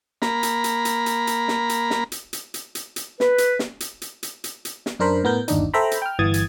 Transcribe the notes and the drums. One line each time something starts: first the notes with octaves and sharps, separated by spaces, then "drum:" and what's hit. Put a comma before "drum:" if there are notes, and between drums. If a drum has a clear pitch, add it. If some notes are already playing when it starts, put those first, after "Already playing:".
A#3 A#5 B5, drum: snare
drum: hi-hat
drum: hi-hat
drum: hi-hat
drum: hi-hat
drum: hi-hat
drum: snare
drum: hi-hat
drum: snare
drum: hi-hat
drum: hi-hat
drum: hi-hat
drum: hi-hat
drum: hi-hat
B4, drum: snare
drum: hi-hat
drum: snare
drum: hi-hat
drum: hi-hat
drum: hi-hat
drum: hi-hat
drum: hi-hat
drum: snare
F#2 D4 A#4 C5 B5
A2 B3 A#4 G6
G1 D#2 D4 D#4, drum: hi-hat
A4 C5 E5 G5 A#5 B5
drum: hi-hat
G5 F6
G1 E3 D#6 G#6 A6
drum: hi-hat